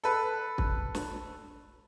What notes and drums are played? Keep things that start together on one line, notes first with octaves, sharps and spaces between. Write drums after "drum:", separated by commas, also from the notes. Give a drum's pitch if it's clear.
A4 B4
drum: kick
drum: snare